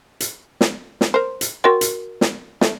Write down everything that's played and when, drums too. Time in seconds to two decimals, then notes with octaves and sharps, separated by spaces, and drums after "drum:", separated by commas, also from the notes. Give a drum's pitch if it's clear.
0.20 drum: hi-hat
0.61 drum: snare
1.01 drum: snare
1.14 A#4 C5
1.41 drum: hi-hat
1.64 F#4 A#4 C#5 G5 C6
1.81 drum: hi-hat
2.21 drum: snare
2.61 A3, drum: snare